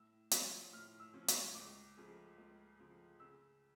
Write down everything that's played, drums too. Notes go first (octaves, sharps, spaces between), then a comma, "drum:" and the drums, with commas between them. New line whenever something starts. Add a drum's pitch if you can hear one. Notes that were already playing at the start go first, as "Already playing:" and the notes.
Already playing: A2 E6
F3 C#4, drum: hi-hat
A2 F6
E6
F3 C#4
C#6, drum: hi-hat
C#2 D6
C#3 F3 A3
C#2
C#3 F3 A3
C#3 E6